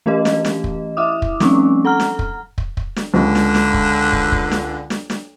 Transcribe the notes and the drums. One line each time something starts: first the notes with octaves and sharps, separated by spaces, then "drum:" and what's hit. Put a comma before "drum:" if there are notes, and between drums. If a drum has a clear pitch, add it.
E3 A3 C#4 G4 A#4 D#5
drum: snare
drum: snare
drum: kick
E4 E5 D6 D#6
drum: kick
F3 G3 A3 C4 C#4 D#4, drum: snare
A4 F#5 A#5 F6
drum: snare
drum: kick
drum: kick
drum: kick
drum: snare
C#2 D3
drum: snare
drum: snare
drum: kick
drum: kick
drum: kick
drum: snare
drum: snare
drum: snare